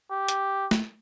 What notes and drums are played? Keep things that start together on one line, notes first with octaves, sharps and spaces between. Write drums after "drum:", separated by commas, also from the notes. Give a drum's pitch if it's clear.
G4
drum: hi-hat
drum: snare